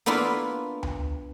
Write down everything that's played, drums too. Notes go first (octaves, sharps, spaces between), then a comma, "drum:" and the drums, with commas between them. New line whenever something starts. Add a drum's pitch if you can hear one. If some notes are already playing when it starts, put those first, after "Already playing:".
A#3 B3 D4 E4 F4
drum: tom D2